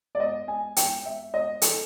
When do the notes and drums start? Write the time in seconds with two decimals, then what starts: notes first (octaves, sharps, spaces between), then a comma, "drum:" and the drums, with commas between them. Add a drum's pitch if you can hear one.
0.15 D5
0.20 D#5
0.48 G#5
0.77 G5, drum: hi-hat
1.06 E5
1.34 D#5
1.62 A4, drum: hi-hat